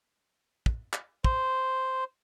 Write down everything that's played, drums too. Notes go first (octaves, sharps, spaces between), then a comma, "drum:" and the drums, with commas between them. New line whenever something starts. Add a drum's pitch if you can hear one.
drum: kick
drum: clap
C5, drum: kick